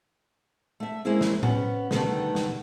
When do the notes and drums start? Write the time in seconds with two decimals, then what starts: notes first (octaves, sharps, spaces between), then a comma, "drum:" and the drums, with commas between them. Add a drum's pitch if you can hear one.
0.80 A3 E5
1.05 G#3 A#3 C4 C#4 E4 G#4
1.21 drum: snare
1.43 B3 C#4, drum: tom A2
1.91 B2 D3 D#3 G3 A3 B3, drum: snare
2.35 drum: snare